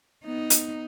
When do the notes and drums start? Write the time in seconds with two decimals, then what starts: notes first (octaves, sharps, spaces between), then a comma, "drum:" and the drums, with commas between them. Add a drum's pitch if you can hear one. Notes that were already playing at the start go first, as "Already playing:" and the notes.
0.25 B3 D#4
0.50 drum: hi-hat